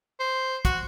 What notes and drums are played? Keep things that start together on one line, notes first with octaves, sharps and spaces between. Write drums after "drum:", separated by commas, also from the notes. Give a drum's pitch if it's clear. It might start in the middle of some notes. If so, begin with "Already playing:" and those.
C5
F#4, drum: kick, hi-hat